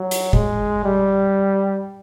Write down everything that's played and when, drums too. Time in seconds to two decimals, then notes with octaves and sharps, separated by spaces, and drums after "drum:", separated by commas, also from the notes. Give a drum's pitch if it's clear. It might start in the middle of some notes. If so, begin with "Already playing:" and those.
Already playing: F#3
0.11 drum: hi-hat
0.33 G#3, drum: kick F1
0.84 G3